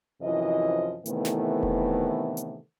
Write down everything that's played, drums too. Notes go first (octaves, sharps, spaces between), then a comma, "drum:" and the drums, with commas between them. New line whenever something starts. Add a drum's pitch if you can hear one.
F#2 C3 E3 F3 D#5
A2 C3 D#3 E3 A3 B3, drum: hi-hat
drum: snare
drum: kick E1
drum: hi-hat